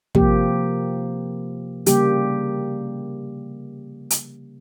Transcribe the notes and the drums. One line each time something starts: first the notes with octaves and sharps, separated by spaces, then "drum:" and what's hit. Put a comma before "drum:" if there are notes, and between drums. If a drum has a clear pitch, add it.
C3 F3 A#3 G4, drum: kick
C#3 G3 A#3 G4, drum: hi-hat
drum: hi-hat